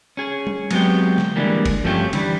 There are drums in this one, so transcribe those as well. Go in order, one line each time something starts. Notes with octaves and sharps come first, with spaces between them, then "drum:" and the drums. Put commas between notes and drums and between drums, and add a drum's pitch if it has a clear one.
C#4 G#4
drum: tom G3
F#3 G#3 B3 C4 G4, drum: cymbal
drum: snare
D3 E3 G3 G#3 A#3
drum: kick F#1, cymbal
G2 F3 A3 C4 C#4 G4
D3 E3 G3, drum: cymbal